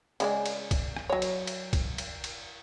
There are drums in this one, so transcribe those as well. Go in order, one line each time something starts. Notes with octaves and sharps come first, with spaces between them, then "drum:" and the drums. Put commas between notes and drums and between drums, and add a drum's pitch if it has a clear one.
C#3 G#3 D5, drum: cymbal
drum: cymbal
drum: kick C2, cymbal
drum: rim click
F#3 C#5
drum: cymbal
drum: cymbal
drum: kick C2, cymbal
drum: cymbal
drum: cymbal